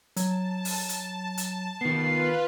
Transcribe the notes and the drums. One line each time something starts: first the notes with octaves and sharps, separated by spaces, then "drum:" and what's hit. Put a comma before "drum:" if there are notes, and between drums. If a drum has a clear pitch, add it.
F#3 A5, drum: hi-hat
drum: open hi-hat
drum: hi-hat
drum: hi-hat
D#3 B3 F4 B4 C7